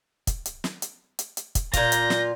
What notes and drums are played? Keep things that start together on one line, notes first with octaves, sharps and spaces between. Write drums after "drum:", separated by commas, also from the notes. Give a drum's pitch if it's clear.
drum: kick, hi-hat
drum: hi-hat
drum: snare
drum: hi-hat
drum: hi-hat
drum: hi-hat
drum: kick, hi-hat
A#2 F4 G6 A#6, drum: kick, hi-hat
drum: hi-hat
drum: snare